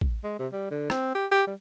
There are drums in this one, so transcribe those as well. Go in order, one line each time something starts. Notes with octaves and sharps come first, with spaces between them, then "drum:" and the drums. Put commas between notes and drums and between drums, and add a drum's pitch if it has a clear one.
drum: kick A1
G#3
C3
G3
D3
C4, drum: rim click
G4
G4
G3